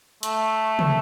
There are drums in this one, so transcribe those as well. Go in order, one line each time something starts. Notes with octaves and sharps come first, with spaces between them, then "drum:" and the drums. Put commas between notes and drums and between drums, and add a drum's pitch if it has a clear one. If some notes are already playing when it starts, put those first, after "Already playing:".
A3, drum: hi-hat
drum: tom